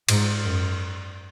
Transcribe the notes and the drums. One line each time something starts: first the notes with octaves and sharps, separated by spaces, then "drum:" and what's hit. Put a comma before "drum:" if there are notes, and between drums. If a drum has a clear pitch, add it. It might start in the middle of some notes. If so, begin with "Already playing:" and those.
G#2, drum: cymbal
F#2